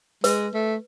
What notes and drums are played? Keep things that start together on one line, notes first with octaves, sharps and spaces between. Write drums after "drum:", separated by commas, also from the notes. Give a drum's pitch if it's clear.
G#3 B4, drum: hi-hat
A3